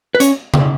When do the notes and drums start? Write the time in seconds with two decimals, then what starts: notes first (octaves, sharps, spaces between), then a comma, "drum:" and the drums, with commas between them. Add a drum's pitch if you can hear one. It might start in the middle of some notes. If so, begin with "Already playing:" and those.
0.15 B4
0.20 C#4 C#5, drum: hi-hat
0.54 drum: tom C#3